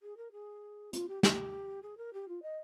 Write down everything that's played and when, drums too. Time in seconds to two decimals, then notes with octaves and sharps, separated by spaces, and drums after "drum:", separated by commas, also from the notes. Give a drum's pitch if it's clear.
0.02 G#4
0.17 A#4
0.32 G#4
0.93 F4, drum: hi-hat
1.08 G4
1.23 G4, drum: snare
1.83 G#4
1.97 A#4
2.13 G4
2.28 F4
2.42 D#5